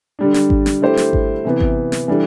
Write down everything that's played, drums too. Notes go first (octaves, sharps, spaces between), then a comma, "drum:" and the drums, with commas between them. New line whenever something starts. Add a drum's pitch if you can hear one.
D3 G3 D4
drum: snare
drum: kick G#1
drum: snare
D3 A3 E4 G4 C5
drum: snare
drum: kick G#1
C3 E3 B3
drum: kick G#1
drum: snare
E3 G3 D4 A4